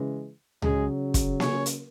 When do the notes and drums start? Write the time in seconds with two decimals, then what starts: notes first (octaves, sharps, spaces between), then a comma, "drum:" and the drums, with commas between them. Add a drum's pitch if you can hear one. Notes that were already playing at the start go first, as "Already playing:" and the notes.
Already playing: C#3 E3 G#3
0.62 C#3 F#3 G#3 G#4, drum: tom C#2
1.14 drum: kick, hi-hat
1.40 C#4 C#5, drum: snare A#3
1.66 drum: hi-hat